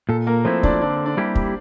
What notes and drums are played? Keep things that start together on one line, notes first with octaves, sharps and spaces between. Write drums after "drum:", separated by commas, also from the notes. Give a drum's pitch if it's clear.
A#2 A4
A#3 A#4
F3 A3 C4 E4 C5
D4 D5, drum: kick
D3 D4 D5
D4 D5
G3 A#3 E4 G4
drum: kick